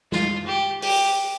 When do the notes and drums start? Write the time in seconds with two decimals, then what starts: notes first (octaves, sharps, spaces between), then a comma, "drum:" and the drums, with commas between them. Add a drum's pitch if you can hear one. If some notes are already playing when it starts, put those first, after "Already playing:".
0.12 F4, drum: snare G#3
0.47 G4
0.82 G4, drum: open hi-hat